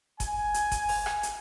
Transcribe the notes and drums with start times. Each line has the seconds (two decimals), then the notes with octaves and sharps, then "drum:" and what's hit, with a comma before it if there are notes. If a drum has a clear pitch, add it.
0.20 G#5, drum: kick F#1, hi-hat
0.54 drum: hi-hat
0.71 drum: kick F#1, hi-hat
0.89 drum: open hi-hat
1.06 drum: rim click
1.23 drum: hi-hat